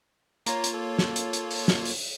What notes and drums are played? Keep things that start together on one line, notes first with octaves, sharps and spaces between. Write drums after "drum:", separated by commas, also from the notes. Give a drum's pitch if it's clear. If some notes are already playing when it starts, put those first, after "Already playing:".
A#3 F4 C#5 A#5, drum: hi-hat
drum: hi-hat
A4
drum: snare
drum: hi-hat
drum: hi-hat
drum: open hi-hat
drum: snare
drum: open hi-hat